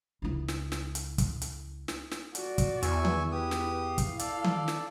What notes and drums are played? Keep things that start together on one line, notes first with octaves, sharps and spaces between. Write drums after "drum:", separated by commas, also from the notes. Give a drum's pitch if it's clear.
C#2 E4
drum: snare
drum: snare
drum: hi-hat
drum: kick, hi-hat
drum: hi-hat
drum: snare
drum: snare
F#4 D5, drum: hi-hat
drum: kick, hi-hat
E2 E5 G#5 C#6, drum: hi-hat
drum: tom D#3
G4 B4 D#6
drum: snare
E4 F5
drum: kick, hi-hat
A4 D5, drum: hi-hat
drum: tom D#3
drum: snare